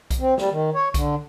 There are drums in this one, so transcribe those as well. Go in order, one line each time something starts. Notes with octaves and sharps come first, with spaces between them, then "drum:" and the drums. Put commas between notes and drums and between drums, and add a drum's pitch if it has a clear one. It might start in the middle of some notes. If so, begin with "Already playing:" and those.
drum: kick B1, hi-hat
C4
G3, drum: snare
D#3
C#5
D3, drum: kick B1, hi-hat